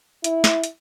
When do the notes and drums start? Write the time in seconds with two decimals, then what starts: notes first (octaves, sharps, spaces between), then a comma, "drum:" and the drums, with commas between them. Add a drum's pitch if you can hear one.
0.24 E4, drum: hi-hat
0.44 drum: snare
0.64 drum: hi-hat